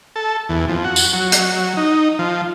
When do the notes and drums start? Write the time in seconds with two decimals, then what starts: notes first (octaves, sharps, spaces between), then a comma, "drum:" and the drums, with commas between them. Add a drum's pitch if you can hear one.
0.16 A4
0.49 E2
0.68 F2
0.84 F#4
0.96 drum: tambourine
1.13 F#3
1.32 drum: hi-hat
1.77 D#4
2.19 F3